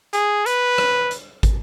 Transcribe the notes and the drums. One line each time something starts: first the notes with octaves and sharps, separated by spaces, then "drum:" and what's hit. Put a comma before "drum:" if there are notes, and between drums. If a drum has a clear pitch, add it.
G#4, drum: hi-hat
B4, drum: hi-hat
drum: rim click
drum: hi-hat
drum: kick, hi-hat